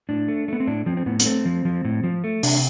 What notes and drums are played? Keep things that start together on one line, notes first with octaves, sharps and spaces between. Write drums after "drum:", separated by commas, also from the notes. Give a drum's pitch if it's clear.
A2 D4
A3
A3 B3
C4
A2 D4
F3 C4
C4
A2 B3
B3, drum: hi-hat
A3 C4
F3
F3
A2
F3
A3
C3 D4, drum: open hi-hat